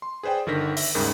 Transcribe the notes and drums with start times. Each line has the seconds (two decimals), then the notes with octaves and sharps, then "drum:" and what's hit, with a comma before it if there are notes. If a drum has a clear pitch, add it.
0.02 C6
0.23 G#4 B4 C5 D5 G5
0.46 G1 D3 D#3 A#4 A#6 B6
0.77 E5, drum: open hi-hat
0.95 D#2 G#2 C#3 G3 A#4 D#6